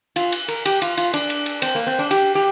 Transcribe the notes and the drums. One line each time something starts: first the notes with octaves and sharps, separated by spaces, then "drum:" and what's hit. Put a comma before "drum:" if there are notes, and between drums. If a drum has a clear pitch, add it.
F4, drum: cymbal
drum: cymbal
A#4, drum: cymbal
G4, drum: cymbal
F4, drum: cymbal
F4, drum: cymbal
D4, drum: cymbal
drum: cymbal
drum: cymbal
C4, drum: cymbal
A#3
C4
D4
G4, drum: cymbal
G4